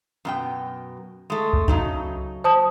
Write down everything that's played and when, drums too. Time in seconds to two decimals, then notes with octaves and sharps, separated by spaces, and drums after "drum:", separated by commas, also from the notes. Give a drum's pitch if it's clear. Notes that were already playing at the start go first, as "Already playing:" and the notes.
0.25 F#2 B2 G5
1.30 G#3 A3
1.53 drum: kick
1.68 C#3 F#3 D#4, drum: kick
2.44 C5 A5 D#6